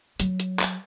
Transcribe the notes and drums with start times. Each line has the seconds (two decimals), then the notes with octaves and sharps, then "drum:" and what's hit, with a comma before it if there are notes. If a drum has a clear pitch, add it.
0.20 F#3, drum: hi-hat
0.40 drum: hi-hat
0.59 drum: clap